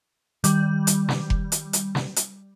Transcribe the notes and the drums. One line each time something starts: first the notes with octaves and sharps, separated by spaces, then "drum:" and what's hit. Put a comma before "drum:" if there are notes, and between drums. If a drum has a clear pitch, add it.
D#3 G3, drum: hi-hat
drum: hi-hat
drum: snare
drum: kick F1
drum: hi-hat
drum: hi-hat
drum: snare
drum: hi-hat